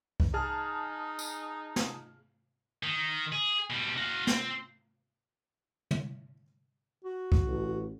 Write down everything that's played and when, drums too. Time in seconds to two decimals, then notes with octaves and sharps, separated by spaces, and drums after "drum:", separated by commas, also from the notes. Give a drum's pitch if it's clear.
0.20 drum: kick C2
0.34 D#4 G#4 A5 F6
1.19 drum: tambourine
1.76 drum: snare
2.83 D#3
3.33 G#4
3.70 B2 G3
3.97 F#4 F5
4.27 C4, drum: snare
5.91 drum: tom
7.04 F#4
7.32 drum: kick C2
7.45 A1